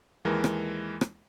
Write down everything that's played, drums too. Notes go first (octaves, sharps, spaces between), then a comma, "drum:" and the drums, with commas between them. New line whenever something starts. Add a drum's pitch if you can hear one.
D#2 E3 G#3 A#4
drum: rim click
drum: rim click